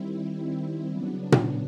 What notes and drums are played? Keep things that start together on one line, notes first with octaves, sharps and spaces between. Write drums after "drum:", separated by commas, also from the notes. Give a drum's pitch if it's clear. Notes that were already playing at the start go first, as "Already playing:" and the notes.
Already playing: D#3 G3 C4 E4
C#3 F#3 B3 D4
drum: tom A#2